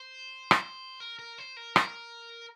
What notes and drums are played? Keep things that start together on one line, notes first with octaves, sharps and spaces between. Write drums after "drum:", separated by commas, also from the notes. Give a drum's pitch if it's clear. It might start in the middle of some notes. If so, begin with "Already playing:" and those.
Already playing: C5
drum: rim click
A#4
A#4
C5
A#4
A#4, drum: rim click